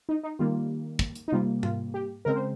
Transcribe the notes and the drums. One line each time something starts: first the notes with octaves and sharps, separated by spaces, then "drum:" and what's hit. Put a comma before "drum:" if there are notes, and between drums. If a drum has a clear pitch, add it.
D#4
D#4
D#3 G3 A#3 F4
drum: kick
drum: hi-hat
D#4
C3 G3 A#3 F4
F4, drum: tom G#2
G4
C#3 G#3 C4 A#4
C5